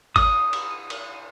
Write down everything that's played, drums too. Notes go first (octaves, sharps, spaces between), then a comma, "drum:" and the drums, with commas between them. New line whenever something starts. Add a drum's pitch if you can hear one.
D#6, drum: kick G#1, cymbal
drum: cymbal
drum: cymbal